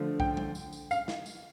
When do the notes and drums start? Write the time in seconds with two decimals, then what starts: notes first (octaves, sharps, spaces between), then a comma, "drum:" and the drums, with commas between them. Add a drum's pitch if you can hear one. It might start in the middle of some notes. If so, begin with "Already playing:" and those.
Already playing: D3 F3 A3
0.20 G5, drum: kick B1
0.37 drum: tom G3
0.55 drum: tambourine
0.73 drum: tambourine
0.91 F5, drum: tambourine
1.08 drum: snare
1.26 drum: tambourine